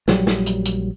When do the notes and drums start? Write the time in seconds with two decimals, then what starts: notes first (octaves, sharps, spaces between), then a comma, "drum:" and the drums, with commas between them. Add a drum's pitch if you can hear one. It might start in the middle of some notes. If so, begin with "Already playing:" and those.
0.08 A#1 F#3 G3, drum: snare
0.27 drum: snare
0.46 drum: hi-hat
0.65 drum: hi-hat